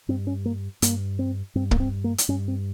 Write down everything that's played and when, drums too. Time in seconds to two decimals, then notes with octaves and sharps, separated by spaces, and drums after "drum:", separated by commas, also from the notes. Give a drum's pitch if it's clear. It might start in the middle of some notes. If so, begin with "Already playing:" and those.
0.08 G2 C4
0.27 C#4
0.45 A#3
0.82 G2 A#3, drum: hi-hat
1.19 C4
1.55 G2 C4
1.71 A#3, drum: kick
1.80 C4
2.04 A#3
2.18 drum: hi-hat
2.28 G2 C#4
2.48 C4